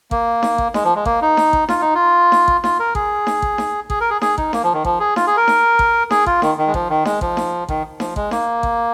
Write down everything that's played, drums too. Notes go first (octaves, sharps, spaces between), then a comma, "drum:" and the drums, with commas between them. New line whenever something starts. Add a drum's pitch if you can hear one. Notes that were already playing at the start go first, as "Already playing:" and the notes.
A#3, drum: kick A1
drum: snare D#4
drum: kick A1
G#3, drum: snare D#4
F3
G#3
A#3, drum: kick A1
D#4
drum: snare D#4
drum: kick A1
F4, drum: snare D#4
D#4
F4
drum: snare D#4
drum: kick A1
F4, drum: snare D#4
A#4
G#4, drum: kick A1
drum: snare D#4
drum: kick A1
drum: snare D#4
G#4, drum: kick A1
A#4
G#4
G#4, drum: snare D#4
D#4, drum: kick A1
A#3, drum: snare D#4
F3
D#3
F3, drum: kick A1
G#4
F4, drum: snare D#4
G#4
A#4
drum: snare D#4
drum: kick A1
G#4, drum: snare D#4
F4, drum: kick A1
D#3, drum: snare D#4
D#3
G#3
F3, drum: kick A1
D#3
G#3, drum: snare D#4
F3, drum: kick A1
drum: snare D#4
D#3, drum: kick A1
F3, drum: snare D#4
G#3, drum: kick A1
A#3, drum: snare D#4
drum: kick A1